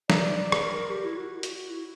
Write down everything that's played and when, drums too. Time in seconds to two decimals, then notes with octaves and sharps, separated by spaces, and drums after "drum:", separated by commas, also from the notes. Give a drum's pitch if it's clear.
0.10 D5, drum: snare
0.37 D5
0.52 drum: rim click
0.63 A#4
0.90 G4
1.05 E4
1.17 F#4
1.43 F#4, drum: hi-hat
1.70 E4